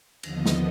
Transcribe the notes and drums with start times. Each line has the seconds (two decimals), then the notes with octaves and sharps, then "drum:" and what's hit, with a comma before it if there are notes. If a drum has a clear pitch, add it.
0.23 D#2 D3 F3 B3 D#5, drum: cymbal
0.46 drum: snare